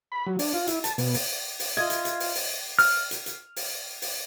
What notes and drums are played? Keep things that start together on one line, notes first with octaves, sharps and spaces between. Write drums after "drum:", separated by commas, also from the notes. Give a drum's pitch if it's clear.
B5
F#3
D4, drum: open hi-hat
F4
E4, drum: hi-hat
A5, drum: hi-hat
B2, drum: open hi-hat
drum: open hi-hat
drum: open hi-hat
F4 D#5 E5 G#6
drum: hi-hat
drum: hi-hat
drum: open hi-hat
drum: open hi-hat
F6, drum: open hi-hat
drum: hi-hat
drum: hi-hat
drum: open hi-hat
drum: open hi-hat